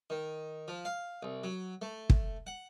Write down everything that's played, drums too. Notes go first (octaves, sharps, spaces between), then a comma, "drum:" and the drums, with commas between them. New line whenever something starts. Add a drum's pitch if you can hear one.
D#3
F3
F5
C2
F#3
A3
drum: kick
F#5